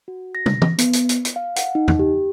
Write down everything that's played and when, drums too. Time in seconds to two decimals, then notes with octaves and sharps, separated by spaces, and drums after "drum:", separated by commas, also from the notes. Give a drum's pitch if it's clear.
0.08 F#4
0.35 A#6
0.46 drum: tom
0.62 drum: tom E3
0.78 B3, drum: hi-hat
0.93 drum: hi-hat
1.09 drum: hi-hat
1.25 drum: hi-hat
1.36 F5
1.56 F#5, drum: hi-hat
1.75 D#4
1.88 drum: tom E2
1.99 G4